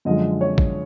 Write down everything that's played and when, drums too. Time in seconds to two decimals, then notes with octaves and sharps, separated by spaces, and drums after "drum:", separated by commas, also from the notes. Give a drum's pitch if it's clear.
0.05 F#2 D3 F3 G#3 D#5
0.41 C#5
0.58 drum: kick A1